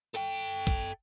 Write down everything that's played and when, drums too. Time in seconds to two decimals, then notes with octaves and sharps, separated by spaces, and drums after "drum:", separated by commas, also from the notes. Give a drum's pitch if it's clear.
0.15 A4 G5, drum: hi-hat
0.67 drum: kick, hi-hat